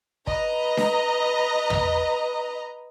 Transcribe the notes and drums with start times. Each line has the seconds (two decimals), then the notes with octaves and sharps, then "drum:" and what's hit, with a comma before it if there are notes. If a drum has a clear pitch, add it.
0.27 B4 D#5 A#5, drum: kick
0.77 drum: snare D4
1.70 drum: tom